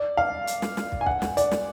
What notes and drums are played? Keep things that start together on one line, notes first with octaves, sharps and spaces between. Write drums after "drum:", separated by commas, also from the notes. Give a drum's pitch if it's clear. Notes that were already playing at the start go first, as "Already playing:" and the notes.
Already playing: D5
F5
drum: hi-hat
drum: snare
drum: snare
drum: kick
G#5
F#5, drum: kick
drum: snare
D5, drum: hi-hat
drum: snare